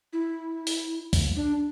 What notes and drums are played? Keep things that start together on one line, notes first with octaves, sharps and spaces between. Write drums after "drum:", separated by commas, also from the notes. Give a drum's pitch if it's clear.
E4
drum: open hi-hat
drum: kick, open hi-hat
D4